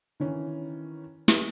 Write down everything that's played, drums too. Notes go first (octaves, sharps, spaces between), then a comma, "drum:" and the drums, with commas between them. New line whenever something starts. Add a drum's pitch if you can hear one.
D#3 E3 C#4
drum: snare